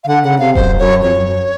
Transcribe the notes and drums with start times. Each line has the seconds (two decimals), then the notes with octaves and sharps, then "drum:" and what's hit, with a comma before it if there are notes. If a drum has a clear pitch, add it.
0.04 F5
0.07 D3 F#5
0.24 C#3 F#5
0.39 C3 F5
0.55 F#2 C5, drum: kick D#1
0.79 F#2 C#5
1.03 F2 C#5
1.15 F#2
1.27 F#2